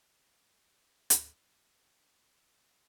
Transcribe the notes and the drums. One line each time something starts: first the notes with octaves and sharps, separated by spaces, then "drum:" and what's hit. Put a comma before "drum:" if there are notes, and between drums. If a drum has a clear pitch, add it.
A2 A3 A#3
drum: hi-hat